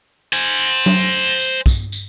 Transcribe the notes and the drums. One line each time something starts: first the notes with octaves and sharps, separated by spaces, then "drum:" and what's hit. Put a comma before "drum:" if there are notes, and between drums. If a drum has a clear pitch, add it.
C5 G#5, drum: tambourine
drum: tambourine
drum: tom F#3
drum: tambourine
drum: tambourine
drum: kick, tambourine
drum: tambourine